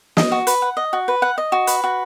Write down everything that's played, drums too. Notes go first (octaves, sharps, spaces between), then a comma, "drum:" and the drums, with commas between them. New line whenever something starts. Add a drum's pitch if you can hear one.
D#5, drum: snare
F#4
B4, drum: hi-hat
F#5
D#5
F#4
B4
F#5
D#5
F#4
B4, drum: hi-hat
F#4